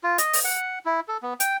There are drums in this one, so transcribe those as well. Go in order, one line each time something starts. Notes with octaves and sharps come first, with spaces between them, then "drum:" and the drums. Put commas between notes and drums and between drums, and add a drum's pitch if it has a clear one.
F4
D#5, drum: hi-hat
drum: open hi-hat
F#5
E4
A4
B3
G5, drum: hi-hat